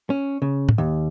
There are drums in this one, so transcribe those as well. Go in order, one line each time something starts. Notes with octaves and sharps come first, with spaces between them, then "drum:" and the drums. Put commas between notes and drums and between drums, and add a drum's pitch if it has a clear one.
C#4
C#3
drum: tom
D#2